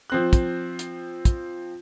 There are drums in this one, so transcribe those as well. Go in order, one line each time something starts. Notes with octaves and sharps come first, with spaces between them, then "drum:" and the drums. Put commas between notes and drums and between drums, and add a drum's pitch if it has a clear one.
F3 C4 F#6
drum: kick, hi-hat
drum: hi-hat
drum: kick, hi-hat